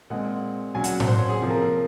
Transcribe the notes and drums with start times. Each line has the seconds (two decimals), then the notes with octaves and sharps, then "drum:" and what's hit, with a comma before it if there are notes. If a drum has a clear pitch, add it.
0.10 A#2 G#3 C4 F#5
0.75 A#2 F#3 C#4 G#5
0.84 F#5, drum: hi-hat
1.00 F#5, drum: tom A2
1.08 C5
1.19 C#5
1.29 G#4
1.40 C3 F3 A#3
1.50 A#4
1.62 A#4